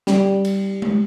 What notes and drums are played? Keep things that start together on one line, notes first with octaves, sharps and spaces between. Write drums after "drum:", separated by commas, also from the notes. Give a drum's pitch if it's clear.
G3, drum: snare
drum: cymbal
drum: tom G#3